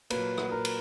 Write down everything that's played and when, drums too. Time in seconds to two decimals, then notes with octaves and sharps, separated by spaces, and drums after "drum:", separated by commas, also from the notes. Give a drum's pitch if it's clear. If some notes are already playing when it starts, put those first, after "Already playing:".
0.10 A#2 F#3 A#3 B4, drum: cymbal
0.38 drum: rim click
0.52 A#4
0.65 drum: cymbal